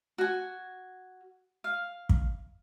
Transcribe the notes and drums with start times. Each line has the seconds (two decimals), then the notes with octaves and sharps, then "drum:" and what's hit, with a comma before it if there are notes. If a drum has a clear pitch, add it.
0.18 F#4 G#5
1.64 F5
2.09 drum: kick